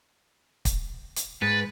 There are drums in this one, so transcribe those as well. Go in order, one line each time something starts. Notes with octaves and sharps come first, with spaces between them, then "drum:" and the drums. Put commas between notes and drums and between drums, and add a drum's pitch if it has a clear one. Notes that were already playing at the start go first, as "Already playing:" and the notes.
drum: kick, hi-hat
drum: hi-hat
G#2 B4 A6